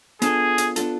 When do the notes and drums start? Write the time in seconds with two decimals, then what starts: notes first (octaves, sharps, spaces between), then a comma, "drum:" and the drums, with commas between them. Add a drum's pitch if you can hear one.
0.22 B3 D4 F4 G#4 A4, drum: hi-hat
0.58 drum: hi-hat
0.76 B3 D4 F4 A4, drum: hi-hat